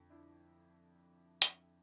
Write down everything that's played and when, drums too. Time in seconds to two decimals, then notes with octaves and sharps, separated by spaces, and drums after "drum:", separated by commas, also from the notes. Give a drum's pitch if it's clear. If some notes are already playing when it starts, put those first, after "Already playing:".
Already playing: F2 D3
0.10 D4 E4
1.42 drum: hi-hat